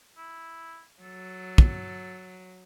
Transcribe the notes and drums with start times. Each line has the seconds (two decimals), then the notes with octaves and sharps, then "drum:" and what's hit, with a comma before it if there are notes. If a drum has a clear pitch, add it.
0.17 E4
1.02 F#3 A4
1.58 drum: kick